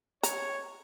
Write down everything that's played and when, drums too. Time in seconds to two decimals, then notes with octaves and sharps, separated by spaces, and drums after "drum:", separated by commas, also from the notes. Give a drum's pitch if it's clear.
0.23 C#5 A#5, drum: hi-hat